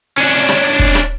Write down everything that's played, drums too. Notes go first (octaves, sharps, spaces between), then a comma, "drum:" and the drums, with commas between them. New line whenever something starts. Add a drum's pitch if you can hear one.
C#4 D4
drum: rim click
drum: kick
drum: rim click